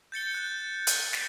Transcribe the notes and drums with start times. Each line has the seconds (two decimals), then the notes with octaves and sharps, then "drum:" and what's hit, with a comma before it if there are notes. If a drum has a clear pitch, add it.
0.12 G6 A6 C#7 G7
0.34 F#6 G6
0.87 drum: hi-hat
1.13 drum: snare